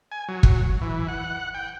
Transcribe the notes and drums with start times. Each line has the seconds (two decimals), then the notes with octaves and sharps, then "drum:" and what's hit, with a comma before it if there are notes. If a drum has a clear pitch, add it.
0.12 G#5
0.28 F#3
0.43 drum: kick
0.82 E3
1.08 F#5
1.54 G5